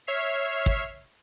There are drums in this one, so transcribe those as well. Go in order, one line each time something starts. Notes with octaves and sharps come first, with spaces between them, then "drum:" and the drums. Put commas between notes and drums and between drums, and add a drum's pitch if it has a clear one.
C#5 E5 F6 C7
drum: kick